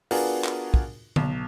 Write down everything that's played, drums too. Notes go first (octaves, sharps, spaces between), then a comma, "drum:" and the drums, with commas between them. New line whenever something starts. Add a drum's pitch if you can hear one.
B3 D4 F4 F#4 G#4 A#4, drum: open hi-hat
drum: clap
drum: kick
B1, drum: tom D3